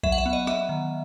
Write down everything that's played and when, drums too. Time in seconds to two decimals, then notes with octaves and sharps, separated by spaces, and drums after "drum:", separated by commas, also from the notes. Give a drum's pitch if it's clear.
0.03 F#3 E5, drum: kick A#1
0.12 F#5
0.18 E5
0.26 B3
0.33 D#5
0.47 B3 E5, drum: rim click
0.69 D#3